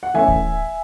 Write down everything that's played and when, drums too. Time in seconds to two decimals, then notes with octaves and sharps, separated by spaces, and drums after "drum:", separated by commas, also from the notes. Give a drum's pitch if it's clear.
0.03 F#5
0.14 E3 A3 C#4 E5 G#5
0.28 drum: kick D1